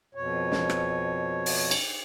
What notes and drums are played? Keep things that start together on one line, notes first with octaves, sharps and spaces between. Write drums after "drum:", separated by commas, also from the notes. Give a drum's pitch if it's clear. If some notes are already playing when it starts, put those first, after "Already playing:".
F2 B2 C#5
drum: snare
drum: rim click
drum: open hi-hat
drum: cymbal